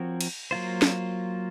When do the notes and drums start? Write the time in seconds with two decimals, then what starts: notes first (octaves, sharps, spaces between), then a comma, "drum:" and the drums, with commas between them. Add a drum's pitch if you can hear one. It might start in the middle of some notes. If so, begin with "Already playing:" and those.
Already playing: F3 C4 F#4 A#4 C#5
0.21 drum: cymbal
0.51 F#3 A#3 F4 C5
0.82 drum: snare